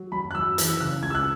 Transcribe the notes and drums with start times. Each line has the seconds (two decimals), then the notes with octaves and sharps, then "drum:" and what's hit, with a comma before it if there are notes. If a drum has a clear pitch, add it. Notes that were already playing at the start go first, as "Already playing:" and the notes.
Already playing: F#3
0.12 F#2 B5
0.31 F#6
0.35 F#2 E6
0.58 E3 E6, drum: hi-hat
0.80 C#3 F#6
1.03 C#2 G#6
1.10 E6
1.15 F#6